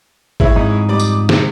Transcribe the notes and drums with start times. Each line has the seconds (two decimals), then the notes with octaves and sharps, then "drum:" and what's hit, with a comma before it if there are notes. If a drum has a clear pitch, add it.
0.40 G#3 E4 C#5, drum: kick
0.56 F2 G#2 D#4
0.89 G3 D5 D6
1.00 drum: tambourine
1.29 C3 D#3 G#3, drum: snare